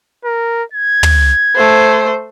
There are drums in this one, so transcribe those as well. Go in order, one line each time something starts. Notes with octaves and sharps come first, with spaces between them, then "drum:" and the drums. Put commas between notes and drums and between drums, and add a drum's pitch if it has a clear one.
A#4
G#6
drum: tom
A3 C5